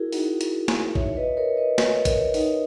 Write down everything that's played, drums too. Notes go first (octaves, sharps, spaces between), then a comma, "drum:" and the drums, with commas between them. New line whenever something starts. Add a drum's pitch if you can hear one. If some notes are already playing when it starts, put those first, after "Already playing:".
Already playing: E4 F#4 G#4 A#4
D#4 F#4, drum: open hi-hat
drum: hi-hat
drum: snare
C#5 E5, drum: kick A1
B4 D#5
A#4 C#5
B4 D#5
A#4 C#5, drum: snare
A#4 C#5, drum: kick A1, hi-hat
D#4, drum: open hi-hat